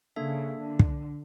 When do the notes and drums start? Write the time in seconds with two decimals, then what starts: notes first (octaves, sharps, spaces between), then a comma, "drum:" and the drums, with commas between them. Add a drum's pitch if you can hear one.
0.16 C#3 A#3 D4 A4 E5
0.59 D3
0.79 drum: kick